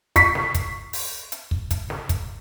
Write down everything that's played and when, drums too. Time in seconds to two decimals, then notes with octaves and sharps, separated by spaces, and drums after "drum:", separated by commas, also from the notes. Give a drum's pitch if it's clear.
0.16 C#6 B6 C7, drum: kick, hi-hat
0.35 drum: snare
0.54 drum: kick, hi-hat
0.93 drum: open hi-hat
1.32 drum: hi-hat
1.51 drum: kick
1.71 drum: kick, hi-hat
1.90 drum: snare
2.09 drum: kick, hi-hat